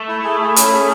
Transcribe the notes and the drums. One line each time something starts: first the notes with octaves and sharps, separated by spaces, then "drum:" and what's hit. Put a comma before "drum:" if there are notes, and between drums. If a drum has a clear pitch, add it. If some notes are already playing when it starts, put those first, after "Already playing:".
Already playing: A3
E4
G#4
E4
C#4, drum: hi-hat
G#4